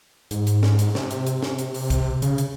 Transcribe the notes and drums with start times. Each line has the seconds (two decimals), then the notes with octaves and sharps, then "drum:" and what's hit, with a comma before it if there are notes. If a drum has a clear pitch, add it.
0.31 G#2, drum: hi-hat
0.47 drum: hi-hat
0.63 drum: snare
0.79 drum: hi-hat
0.95 C3, drum: snare
1.11 drum: hi-hat
1.27 drum: hi-hat
1.43 drum: snare
1.58 drum: hi-hat
1.74 drum: open hi-hat
1.90 drum: kick, hi-hat
2.22 C#3, drum: hi-hat
2.38 drum: hi-hat